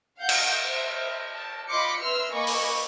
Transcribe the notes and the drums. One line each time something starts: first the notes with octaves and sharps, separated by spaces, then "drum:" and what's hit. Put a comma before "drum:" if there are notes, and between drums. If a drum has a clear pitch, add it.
F5 F#5 G6
drum: cymbal
C5 E5
A5
F4 D#5 B5 C6 D6 C#7
B4 E5 C6 E6 F6
A#3 D#5 G#5 B5 C#6 D6
drum: open hi-hat